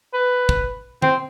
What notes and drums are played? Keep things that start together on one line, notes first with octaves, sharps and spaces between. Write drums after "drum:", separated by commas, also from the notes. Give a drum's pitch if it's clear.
B4
drum: kick
C4, drum: tom